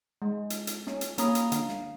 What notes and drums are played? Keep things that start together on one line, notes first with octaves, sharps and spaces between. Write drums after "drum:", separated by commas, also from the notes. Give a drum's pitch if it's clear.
G#3
drum: hi-hat
drum: hi-hat
C#4, drum: snare
drum: hi-hat
A#3 C#4 A#5 D#6, drum: hi-hat
drum: hi-hat
D3 F5, drum: hi-hat
drum: snare